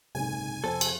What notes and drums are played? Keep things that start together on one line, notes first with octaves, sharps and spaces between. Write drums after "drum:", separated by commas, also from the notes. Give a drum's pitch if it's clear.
F#1 B1 G#2 C3 G#5
F2 A4 C5
drum: cymbal